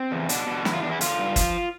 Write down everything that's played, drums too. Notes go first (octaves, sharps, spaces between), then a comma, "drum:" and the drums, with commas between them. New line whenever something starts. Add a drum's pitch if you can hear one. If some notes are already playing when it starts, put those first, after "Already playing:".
Already playing: C4
E2
B2 D4, drum: hi-hat
B2
E2 E4, drum: snare
F4
E2 D4
E4
D3 F4, drum: hi-hat
G2
F3, drum: kick, hi-hat